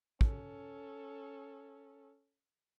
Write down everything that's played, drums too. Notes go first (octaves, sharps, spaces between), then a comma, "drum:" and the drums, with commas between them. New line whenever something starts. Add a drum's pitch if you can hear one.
C#4 A4, drum: kick